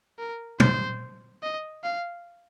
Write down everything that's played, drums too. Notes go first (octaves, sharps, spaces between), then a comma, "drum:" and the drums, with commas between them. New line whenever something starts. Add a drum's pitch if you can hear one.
A#4
C5, drum: tom
D#5
F5